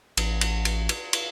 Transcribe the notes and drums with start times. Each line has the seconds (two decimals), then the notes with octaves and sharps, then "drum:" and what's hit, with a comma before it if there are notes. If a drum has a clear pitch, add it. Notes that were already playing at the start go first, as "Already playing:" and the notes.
0.17 A1, drum: cymbal
0.41 drum: cymbal
0.65 drum: cymbal
0.89 drum: cymbal
1.13 drum: cymbal